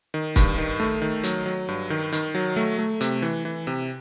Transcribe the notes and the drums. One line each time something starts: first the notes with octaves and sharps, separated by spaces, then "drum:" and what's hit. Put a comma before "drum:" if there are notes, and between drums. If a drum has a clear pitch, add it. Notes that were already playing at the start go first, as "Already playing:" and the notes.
D#3
G2, drum: kick, hi-hat
D#3
A3
D#3
F#3, drum: hi-hat
F#3
G2
D#3
D#3, drum: hi-hat
F#3
A3
A3
C3, drum: hi-hat
E3
E3
C3